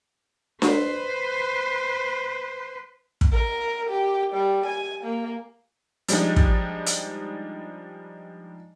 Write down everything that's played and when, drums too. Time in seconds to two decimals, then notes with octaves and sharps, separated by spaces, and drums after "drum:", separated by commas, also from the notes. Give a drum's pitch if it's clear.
0.62 B4 C5, drum: snare D4
3.21 drum: kick
3.33 A#4
3.90 G4
4.33 G3
4.66 G#5
5.04 A#3
6.09 F3 G3 G#3 D4 D#4, drum: hi-hat
6.36 drum: kick
6.87 drum: hi-hat